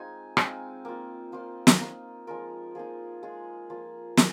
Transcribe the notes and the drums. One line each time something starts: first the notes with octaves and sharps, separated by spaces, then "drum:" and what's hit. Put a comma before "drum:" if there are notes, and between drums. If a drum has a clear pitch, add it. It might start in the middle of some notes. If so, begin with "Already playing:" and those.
Already playing: G#3 C4 D#4 F4 G#5
G#3 C4 D#4 F5, drum: rim click
A#3 F4
A#3 F4 C5
drum: snare
A#3 D#4
F3 G#3 F4 A#4
F3 A#3 D#4 G#4
G#3 F4 G#4
F3 A#3 F4
G#3, drum: snare